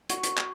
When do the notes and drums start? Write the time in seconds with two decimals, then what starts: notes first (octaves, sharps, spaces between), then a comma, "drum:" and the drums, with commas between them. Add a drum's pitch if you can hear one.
0.09 F#4, drum: hi-hat
0.23 drum: hi-hat
0.37 drum: clap